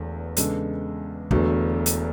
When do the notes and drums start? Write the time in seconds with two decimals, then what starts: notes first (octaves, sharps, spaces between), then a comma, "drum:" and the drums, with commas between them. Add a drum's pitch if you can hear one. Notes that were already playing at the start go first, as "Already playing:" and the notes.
Already playing: E1 E2 D3 A3
0.37 E2 C#3 G#3 D4 A4, drum: hi-hat
1.31 E1 E2 D3 F#3 A3, drum: kick
1.86 drum: hi-hat